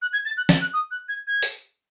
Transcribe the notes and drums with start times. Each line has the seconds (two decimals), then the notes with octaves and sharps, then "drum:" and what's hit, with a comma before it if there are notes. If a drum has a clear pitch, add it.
0.02 F#6
0.13 G#6
0.25 A6
0.37 F#6
0.49 A6, drum: snare
0.61 F#6
0.73 D#6
0.91 F#6
1.09 G#6
1.27 G#6
1.42 drum: open hi-hat